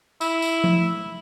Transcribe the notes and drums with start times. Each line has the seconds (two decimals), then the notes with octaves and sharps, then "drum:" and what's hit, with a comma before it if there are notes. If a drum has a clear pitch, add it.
0.21 E4, drum: tambourine
0.42 drum: tambourine
0.64 drum: tom F3